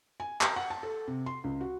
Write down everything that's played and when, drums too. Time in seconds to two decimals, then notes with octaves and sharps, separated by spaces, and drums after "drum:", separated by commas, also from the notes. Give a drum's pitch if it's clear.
0.20 G#5
0.41 A#5, drum: clap
0.56 F#5
0.70 A5
0.83 A4
1.08 C3
1.26 C6
1.44 C#2
1.61 F#4